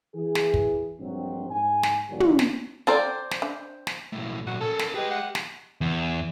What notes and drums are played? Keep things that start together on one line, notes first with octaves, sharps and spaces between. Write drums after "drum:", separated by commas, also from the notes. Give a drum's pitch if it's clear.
E3 G#4
drum: snare
drum: kick
A#1 G2 F#3 C4
G#2 G#5
drum: snare
G#1 E2 G2 D3 F#3
drum: tom
drum: snare
C4 F4 A4 C5 D5 A#5
drum: snare
D4
drum: snare
B1 A2
A#2 F#3 F#4
C#4 A4 A#4 A5
drum: snare
G4 G#4 B4 D#5
F#5
drum: snare
E2